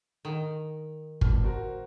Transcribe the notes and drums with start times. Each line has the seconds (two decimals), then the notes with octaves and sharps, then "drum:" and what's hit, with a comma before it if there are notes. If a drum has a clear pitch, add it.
0.25 D#3
1.21 G2 B2 F6, drum: kick
1.43 F#4 A#4 C5